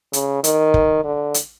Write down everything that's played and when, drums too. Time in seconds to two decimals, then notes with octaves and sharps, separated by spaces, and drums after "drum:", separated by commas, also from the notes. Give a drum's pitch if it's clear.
0.13 C#3, drum: hi-hat
0.44 D#3, drum: hi-hat
0.74 drum: kick
1.04 D3
1.34 drum: hi-hat